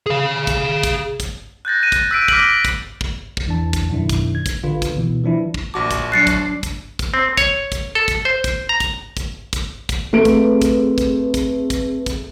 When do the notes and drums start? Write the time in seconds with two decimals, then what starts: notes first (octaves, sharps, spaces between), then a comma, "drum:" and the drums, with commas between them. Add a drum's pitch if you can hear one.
0.06 G#4 F5
0.47 drum: kick, hi-hat
0.83 drum: kick, hi-hat
1.20 drum: kick, hi-hat
1.65 F#6 G6 A6 A#6
1.81 F#6 D#7
1.92 drum: kick, hi-hat
2.11 E6 B6 D7
2.28 D6 F6 A#6 B6 D7 F#7, drum: kick
2.65 drum: kick, hi-hat
3.01 drum: kick
3.37 drum: kick
3.46 E2 E3 D4 A5
3.73 drum: kick, hi-hat
3.90 F#2 B2 D#3 D4 E4
4.09 drum: kick, hi-hat
4.35 G#6
4.46 drum: kick, hi-hat
4.63 A1 D3 D4 F4 B4
4.82 drum: kick, hi-hat
4.95 D2 B2 E3
5.23 E3 F3 D4 E4
5.54 drum: kick
5.74 A#1 F#4 A5 D6
5.91 drum: kick, hi-hat
6.12 F#3 D4 F#6 A6 C7 C#7
6.27 drum: kick, hi-hat
6.63 drum: kick, hi-hat
6.99 drum: kick, hi-hat
7.14 C4
7.37 C#5, drum: kick, hi-hat
7.72 drum: kick, hi-hat
7.95 A4
8.08 drum: kick, hi-hat
8.25 C5
8.44 drum: kick, hi-hat
8.69 A#5
8.80 drum: kick, hi-hat
9.17 drum: kick, hi-hat
9.53 drum: kick, hi-hat
9.89 drum: kick, hi-hat
10.13 A3 C4 G#4 B4 D7
10.25 drum: kick, hi-hat
10.62 drum: kick, hi-hat
10.98 drum: kick, hi-hat
11.34 drum: kick, hi-hat
11.70 drum: kick, hi-hat
12.06 drum: kick, hi-hat